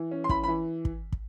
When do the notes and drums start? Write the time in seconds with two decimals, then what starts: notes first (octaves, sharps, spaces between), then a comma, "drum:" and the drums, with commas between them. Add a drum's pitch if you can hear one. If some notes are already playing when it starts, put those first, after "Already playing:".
Already playing: E3
0.11 C#4
0.24 C6
0.29 E3 B5, drum: kick
0.44 B5
0.48 E3
0.85 drum: kick
1.12 drum: kick